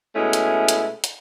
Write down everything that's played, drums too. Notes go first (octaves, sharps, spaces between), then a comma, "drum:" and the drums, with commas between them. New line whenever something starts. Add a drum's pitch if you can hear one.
B2 G#3 A3 C#4 E4
drum: hi-hat
drum: hi-hat
drum: hi-hat